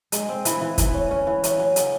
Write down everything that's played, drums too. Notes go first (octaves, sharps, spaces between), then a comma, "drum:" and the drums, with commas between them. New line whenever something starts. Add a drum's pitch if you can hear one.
G#3, drum: hi-hat
C4
E3, drum: hi-hat
E3
E3, drum: kick, hi-hat
C#4
C#4
E3
C#4, drum: hi-hat
F#3
C#3, drum: hi-hat